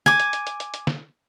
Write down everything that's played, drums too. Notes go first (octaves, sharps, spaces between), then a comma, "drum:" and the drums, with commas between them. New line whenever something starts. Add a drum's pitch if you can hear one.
G#5 D6, drum: snare
drum: hi-hat
drum: hi-hat
drum: hi-hat
drum: hi-hat
drum: hi-hat
drum: snare